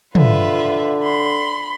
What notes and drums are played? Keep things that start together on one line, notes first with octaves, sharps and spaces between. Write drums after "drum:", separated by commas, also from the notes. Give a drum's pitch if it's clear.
D3 F4 B4 E5, drum: tom
B5 C6